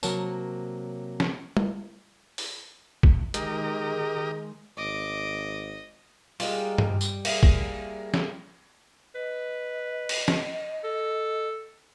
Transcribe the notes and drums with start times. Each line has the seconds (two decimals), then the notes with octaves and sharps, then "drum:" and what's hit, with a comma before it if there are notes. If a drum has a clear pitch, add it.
0.03 C3 F#3 A#3 A#4 C#5 A5, drum: tambourine
1.20 drum: snare
1.57 drum: tom G3
2.38 drum: open hi-hat
3.03 drum: kick
3.34 D#3 G#3 G4 A#4 D#5, drum: hi-hat
4.77 G#1 D#5 D6
6.40 G3 G#3 A#3 F4, drum: open hi-hat
6.78 drum: tom G2
7.01 drum: tambourine
7.25 A#3 E4 G#4, drum: cymbal
7.43 drum: kick
8.14 drum: snare
9.15 B4 D#5
10.09 drum: cymbal
10.28 drum: snare
10.84 A4